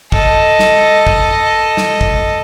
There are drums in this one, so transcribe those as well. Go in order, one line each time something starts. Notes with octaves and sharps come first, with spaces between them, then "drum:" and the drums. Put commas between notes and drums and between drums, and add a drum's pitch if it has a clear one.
A4 D#5, drum: kick
drum: snare
drum: kick
drum: snare
drum: kick